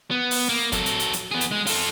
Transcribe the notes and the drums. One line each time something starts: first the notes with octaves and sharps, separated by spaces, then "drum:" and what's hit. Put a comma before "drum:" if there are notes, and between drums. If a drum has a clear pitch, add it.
B3
drum: open hi-hat
A#3
F#3 A4, drum: kick F#1, hi-hat
drum: hi-hat
drum: hi-hat
drum: hi-hat
B3 G#4
drum: hi-hat
G#3
F4 A4, drum: open hi-hat